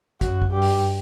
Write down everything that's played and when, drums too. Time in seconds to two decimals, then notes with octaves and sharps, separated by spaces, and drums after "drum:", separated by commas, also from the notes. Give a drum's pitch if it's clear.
0.21 F#2 F#4, drum: kick, hi-hat
0.42 drum: kick
0.51 G2 G4
0.62 drum: open hi-hat